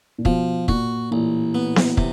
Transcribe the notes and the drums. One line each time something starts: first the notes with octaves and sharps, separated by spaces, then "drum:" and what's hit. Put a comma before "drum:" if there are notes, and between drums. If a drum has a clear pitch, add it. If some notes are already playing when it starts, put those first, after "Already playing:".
A#2
B2 F3, drum: kick
A#2 F#4, drum: kick
A1 A#2
B3
drum: snare B3
C3, drum: kick